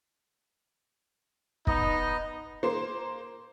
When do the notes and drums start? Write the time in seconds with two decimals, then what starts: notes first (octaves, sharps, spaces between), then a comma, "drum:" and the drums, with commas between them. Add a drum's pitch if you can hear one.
1.67 B3 D#4 D#5, drum: kick
2.63 A#3 C5